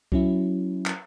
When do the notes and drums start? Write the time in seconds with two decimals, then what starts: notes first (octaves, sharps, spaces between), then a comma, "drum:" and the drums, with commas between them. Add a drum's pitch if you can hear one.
0.12 F#3 C#4 E4, drum: kick C2
0.86 drum: clap